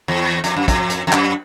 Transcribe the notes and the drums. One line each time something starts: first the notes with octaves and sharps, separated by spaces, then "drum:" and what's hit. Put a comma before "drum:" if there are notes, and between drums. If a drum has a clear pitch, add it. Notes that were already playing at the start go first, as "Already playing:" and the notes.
E2
F2, drum: hi-hat
F#2
F2, drum: kick, hi-hat
drum: hi-hat
F2
F#2, drum: clap